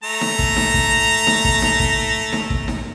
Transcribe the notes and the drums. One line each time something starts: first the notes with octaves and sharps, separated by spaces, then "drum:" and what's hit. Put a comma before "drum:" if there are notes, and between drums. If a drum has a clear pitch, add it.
A3 A#5
drum: snare D#4
drum: kick
drum: snare D#4
drum: kick
drum: snare D#4
drum: kick
drum: snare D#4
drum: kick
drum: snare D#4
drum: kick
drum: snare D#4